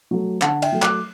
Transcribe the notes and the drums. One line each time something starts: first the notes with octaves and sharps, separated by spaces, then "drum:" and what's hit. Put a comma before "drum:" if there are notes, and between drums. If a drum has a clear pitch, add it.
F#3 A3
D3 F#5 A5, drum: clap
E5 G5, drum: cymbal
F#3 A3
D6 F#6, drum: clap